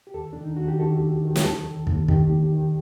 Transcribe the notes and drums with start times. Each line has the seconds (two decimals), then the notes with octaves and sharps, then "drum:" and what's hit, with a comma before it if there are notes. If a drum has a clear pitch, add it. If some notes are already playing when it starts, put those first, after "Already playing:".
0.07 G4
0.14 D#2 A4
0.33 D#3 D4
0.44 D#4
0.56 D#2 F#4
0.68 G4
0.79 D#3 A4
1.01 D#2
1.23 D#3
1.36 G4, drum: snare
1.44 D#2 A4
1.66 D#3
1.87 D#2, drum: kick
2.08 D#3 G4, drum: kick
2.30 D#2
2.52 D#3